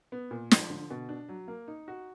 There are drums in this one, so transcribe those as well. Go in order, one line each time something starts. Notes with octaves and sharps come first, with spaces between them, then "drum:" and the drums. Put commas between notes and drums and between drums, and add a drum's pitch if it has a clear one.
B3
A#2
F3, drum: snare
D3
B2
D4
F#3
A#3
D#4
F#4